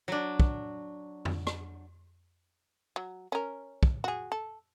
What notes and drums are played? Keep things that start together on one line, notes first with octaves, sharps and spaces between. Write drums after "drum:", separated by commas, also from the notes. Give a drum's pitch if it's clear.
F#3 D4
drum: kick
drum: tom F2
drum: rim click
F#3
C#4 A#4
drum: kick
F#4 G#4
A4